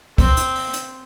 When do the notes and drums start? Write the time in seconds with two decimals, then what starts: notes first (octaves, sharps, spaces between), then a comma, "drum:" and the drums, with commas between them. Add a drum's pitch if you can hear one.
0.18 C4, drum: kick, open hi-hat
0.37 drum: hi-hat
0.55 drum: open hi-hat
0.73 drum: hi-hat